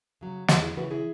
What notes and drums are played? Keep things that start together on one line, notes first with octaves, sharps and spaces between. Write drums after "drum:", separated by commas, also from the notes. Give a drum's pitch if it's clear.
C#3 F#3
E2 C#4 F#4, drum: snare
E4 G#4
C#3 E3 F#4 B4
E4 G#4